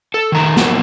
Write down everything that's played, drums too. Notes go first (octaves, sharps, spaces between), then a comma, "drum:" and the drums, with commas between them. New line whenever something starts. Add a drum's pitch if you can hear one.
A4
D#3 A3 A#5
F3 F#3 A#3 B3, drum: snare